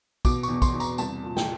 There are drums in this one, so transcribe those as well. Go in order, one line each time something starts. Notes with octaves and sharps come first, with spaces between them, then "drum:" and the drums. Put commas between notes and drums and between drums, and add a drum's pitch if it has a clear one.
B2 D6, drum: kick, tambourine
C#6, drum: tambourine
E2
C6, drum: kick, tambourine
E2
A#5, drum: tambourine
C2 A5, drum: tambourine
A#2
G5, drum: snare